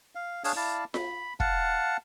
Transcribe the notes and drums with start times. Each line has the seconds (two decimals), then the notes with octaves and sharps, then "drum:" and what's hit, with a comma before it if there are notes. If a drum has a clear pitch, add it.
0.15 F5
0.44 D4 G#4 C#5 F5, drum: open hi-hat
0.56 E4 D5 F5 A5
0.94 B5, drum: snare F4
1.40 F5 F#5 A5, drum: kick